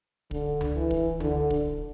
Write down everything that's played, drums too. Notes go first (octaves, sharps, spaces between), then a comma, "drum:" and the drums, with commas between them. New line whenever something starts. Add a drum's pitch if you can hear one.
D3, drum: kick
drum: tom C#2
E3
drum: kick
D3, drum: tom C#2
drum: kick